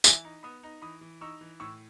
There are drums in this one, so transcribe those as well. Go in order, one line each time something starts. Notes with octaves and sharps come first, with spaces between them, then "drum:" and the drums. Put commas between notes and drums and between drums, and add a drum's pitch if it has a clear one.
E3 E5 G#5, drum: tambourine
D#4
B3 B5 D#6
D#4
E3 B5 D#6
E3
D#4 C#6 E6
E3
A2 C#6 E6